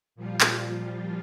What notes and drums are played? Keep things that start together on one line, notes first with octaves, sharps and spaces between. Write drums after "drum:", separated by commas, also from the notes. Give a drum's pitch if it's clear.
A#2 F3 G3 F4
drum: clap